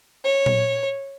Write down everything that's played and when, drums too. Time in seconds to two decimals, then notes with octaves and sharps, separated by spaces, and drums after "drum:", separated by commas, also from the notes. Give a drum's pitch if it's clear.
0.24 C#5
0.46 drum: tom A#2